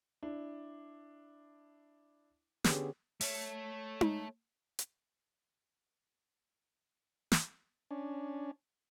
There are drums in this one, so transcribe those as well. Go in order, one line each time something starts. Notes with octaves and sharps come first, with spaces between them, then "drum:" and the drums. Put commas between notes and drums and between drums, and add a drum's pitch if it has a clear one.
D4 E4
D3 B3 C#4 G4 G#4, drum: snare
A3 C#5, drum: open hi-hat
drum: tom D#4
drum: hi-hat
drum: snare
C#4 D4